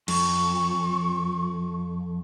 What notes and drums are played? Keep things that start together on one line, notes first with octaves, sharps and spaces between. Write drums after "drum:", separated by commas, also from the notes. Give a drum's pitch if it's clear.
F2 C#6, drum: cymbal